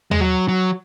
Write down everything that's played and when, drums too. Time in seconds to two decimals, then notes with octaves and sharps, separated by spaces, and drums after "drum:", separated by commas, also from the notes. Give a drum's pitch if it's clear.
0.11 G#3, drum: tom D#2
0.21 F#3
0.48 F#3